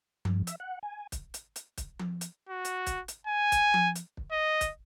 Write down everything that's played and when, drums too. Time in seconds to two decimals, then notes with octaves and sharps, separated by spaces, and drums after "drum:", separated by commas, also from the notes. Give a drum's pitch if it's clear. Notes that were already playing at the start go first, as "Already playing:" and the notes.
0.25 G2, drum: tom F3
0.47 E5, drum: hi-hat
0.60 F#5
0.83 G#5
1.12 drum: kick, hi-hat
1.34 drum: hi-hat
1.56 drum: hi-hat
1.78 drum: kick, hi-hat
1.99 drum: tom F3
2.21 drum: hi-hat
2.49 F#4
2.65 drum: hi-hat
2.87 drum: kick, hi-hat
3.08 drum: hi-hat
3.27 G#5
3.52 drum: kick, hi-hat
3.74 drum: tom F3
3.96 drum: hi-hat
4.17 drum: kick
4.32 D#5
4.61 drum: kick, hi-hat